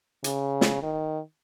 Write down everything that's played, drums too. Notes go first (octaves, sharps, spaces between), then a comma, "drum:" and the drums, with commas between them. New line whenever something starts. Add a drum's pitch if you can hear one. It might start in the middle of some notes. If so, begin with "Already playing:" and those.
C#3, drum: hi-hat
drum: snare
D#3